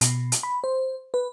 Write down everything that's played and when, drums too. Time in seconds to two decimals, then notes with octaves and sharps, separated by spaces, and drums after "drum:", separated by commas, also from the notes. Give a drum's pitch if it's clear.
0.01 B2, drum: hi-hat
0.32 drum: hi-hat
0.43 B5
0.64 C5
1.14 B4